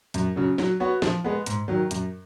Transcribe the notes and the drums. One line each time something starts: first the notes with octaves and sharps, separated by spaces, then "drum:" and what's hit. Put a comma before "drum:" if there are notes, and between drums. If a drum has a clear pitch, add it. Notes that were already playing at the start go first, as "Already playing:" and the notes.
F#2, drum: hi-hat
C#3 F#3
F#3, drum: snare
B3 F#4 C#5
F3, drum: snare
G#3 B3
G#2, drum: hi-hat
D#3 F#3
F#2, drum: hi-hat